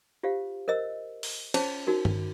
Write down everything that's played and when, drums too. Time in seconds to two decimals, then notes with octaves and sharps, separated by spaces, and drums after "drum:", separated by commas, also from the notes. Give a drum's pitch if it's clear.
0.23 F4 G4 C5 F5
0.68 A#4 C5 D#5 E6
1.23 drum: open hi-hat
1.54 C#4 F4 G#4 C5 C#5 A5, drum: cymbal
1.87 D#4 F#4 A#4
2.05 drum: tom